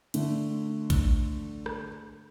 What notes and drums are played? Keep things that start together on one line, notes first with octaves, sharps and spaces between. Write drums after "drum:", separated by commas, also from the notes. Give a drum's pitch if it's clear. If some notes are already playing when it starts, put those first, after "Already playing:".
D3 A3, drum: cymbal
drum: kick A#1, cymbal
drum: rim click